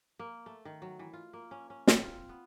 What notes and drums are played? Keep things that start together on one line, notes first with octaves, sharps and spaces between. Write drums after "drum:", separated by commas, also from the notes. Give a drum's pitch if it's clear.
A#3
A3
D#3
F#3
E3
F4
A#3
C#4
C#4
C4, drum: snare
F4
B3